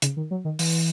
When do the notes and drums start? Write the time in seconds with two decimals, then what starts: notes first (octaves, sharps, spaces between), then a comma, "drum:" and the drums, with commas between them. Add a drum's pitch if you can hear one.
0.02 C#3, drum: hi-hat
0.17 D#3
0.31 F#3
0.45 D#3
0.59 E3, drum: open hi-hat